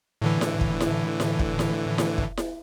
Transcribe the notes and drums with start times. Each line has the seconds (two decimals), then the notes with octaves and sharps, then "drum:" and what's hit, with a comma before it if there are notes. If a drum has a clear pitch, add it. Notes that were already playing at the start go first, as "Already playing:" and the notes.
0.22 A2 D3 E3
0.41 drum: snare E4
0.61 drum: kick
0.80 drum: snare E4
1.20 drum: snare E4
1.39 drum: kick
1.59 drum: snare E4
1.98 drum: snare E4
2.18 drum: kick
2.37 drum: snare E4